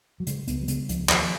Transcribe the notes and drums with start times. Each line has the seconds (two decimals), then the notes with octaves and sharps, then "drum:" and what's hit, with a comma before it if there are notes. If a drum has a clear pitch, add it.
0.20 F#3
0.27 C#3 G#3, drum: hi-hat
0.47 C#2 B3, drum: hi-hat
0.61 F#3
0.68 C#3 G#3, drum: hi-hat
0.89 C#2 F3, drum: hi-hat
1.09 D#2 F3, drum: clap
1.23 F3